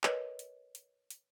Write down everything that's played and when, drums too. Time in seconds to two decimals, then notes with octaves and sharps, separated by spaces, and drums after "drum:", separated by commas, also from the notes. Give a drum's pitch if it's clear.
0.04 A#4 B4 C#5 D#5, drum: clap
0.39 drum: hi-hat
0.75 drum: hi-hat
1.11 drum: hi-hat